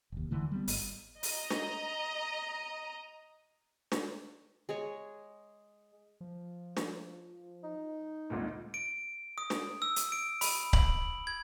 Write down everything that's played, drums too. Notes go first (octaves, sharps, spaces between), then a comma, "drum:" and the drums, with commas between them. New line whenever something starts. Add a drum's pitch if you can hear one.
F1 D#2
D3 E3 A3
G3 B3
G#1, drum: open hi-hat
D#5 A#5, drum: open hi-hat
drum: snare
drum: snare
G#3 G#4 C#5
F3
drum: snare
D#4
G#1 D2 G2 A#2
D7
D#6
drum: snare
E6
drum: hi-hat
D7
B5, drum: open hi-hat
F#7, drum: kick C#1
G#6